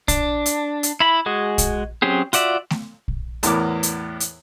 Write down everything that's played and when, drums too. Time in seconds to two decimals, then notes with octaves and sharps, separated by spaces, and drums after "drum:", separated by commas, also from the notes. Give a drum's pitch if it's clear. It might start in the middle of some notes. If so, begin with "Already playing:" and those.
0.08 D4, drum: kick A#1, hi-hat
0.46 drum: hi-hat
0.83 drum: hi-hat
1.00 E4 B5
1.26 G#3 F#4 G#4
1.58 drum: kick A#1, hi-hat
2.02 F#3 C4 C#4 G4 G#4
2.33 F4 F#4 D5 E5, drum: hi-hat
2.70 drum: snare A3
3.08 drum: kick A#1
3.43 E2 A2 B3 A#4 D6, drum: hi-hat
3.83 drum: hi-hat
4.20 drum: hi-hat